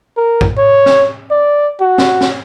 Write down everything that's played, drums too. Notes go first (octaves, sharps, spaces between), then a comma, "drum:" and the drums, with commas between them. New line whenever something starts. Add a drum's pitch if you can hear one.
A#4
drum: kick
C#5
drum: snare
D5
F#4
drum: snare
drum: snare